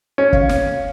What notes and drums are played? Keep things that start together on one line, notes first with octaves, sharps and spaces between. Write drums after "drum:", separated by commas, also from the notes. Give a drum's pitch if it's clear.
C#4
F5, drum: kick
drum: snare